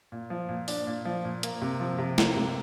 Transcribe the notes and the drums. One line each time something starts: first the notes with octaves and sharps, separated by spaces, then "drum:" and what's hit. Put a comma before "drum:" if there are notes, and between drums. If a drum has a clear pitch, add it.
A#2
F3
A#2
D4, drum: open hi-hat
A#2
F3
A#2
A#3, drum: hi-hat
C3
F3
C3
A#3, drum: snare
C3